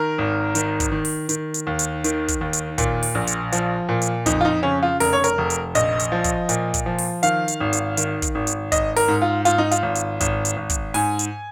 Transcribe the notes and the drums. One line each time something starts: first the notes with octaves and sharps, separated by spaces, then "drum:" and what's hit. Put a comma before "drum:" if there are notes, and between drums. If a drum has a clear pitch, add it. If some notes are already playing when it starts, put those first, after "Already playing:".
Already playing: D#3 A#4
G#1
D#3, drum: hi-hat
drum: kick, hi-hat
D#3
drum: open hi-hat
D#3, drum: hi-hat
drum: hi-hat
D#2
drum: hi-hat
D#3, drum: hi-hat
drum: kick, hi-hat
D#2
drum: hi-hat
A#2, drum: kick, hi-hat
drum: open hi-hat
A#1
drum: hi-hat
F3, drum: hi-hat
A#2
drum: hi-hat
F2 D#4, drum: kick, hi-hat
F4
D#4
C#3 C#4
F4
F1 A#4, drum: open hi-hat
C#5
A#4, drum: hi-hat
F1
drum: hi-hat
A#1 D#5, drum: hi-hat
drum: hi-hat
F3
drum: kick, hi-hat
A#2, drum: hi-hat
drum: kick, hi-hat
F3
drum: open hi-hat
D#3 F5, drum: hi-hat
drum: hi-hat
G#1
drum: hi-hat
D#3, drum: hi-hat
drum: kick, hi-hat
G#1
drum: hi-hat
G#1 D#5, drum: kick, hi-hat
A#4, drum: open hi-hat
G#2
F4
G#2 F4, drum: hi-hat
D#4
F4, drum: hi-hat
G#1
drum: hi-hat
G#1, drum: kick, hi-hat
drum: hi-hat
G#1
drum: kick, hi-hat
G#2 G#5, drum: open hi-hat
drum: hi-hat